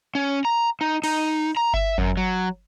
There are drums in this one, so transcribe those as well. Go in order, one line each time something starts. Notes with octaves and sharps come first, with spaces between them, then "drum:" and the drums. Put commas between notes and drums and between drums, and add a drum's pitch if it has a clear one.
C#4
A#5
D#4
D#4, drum: cymbal
A#5
E5, drum: kick G1
F#2, drum: kick G1
F#3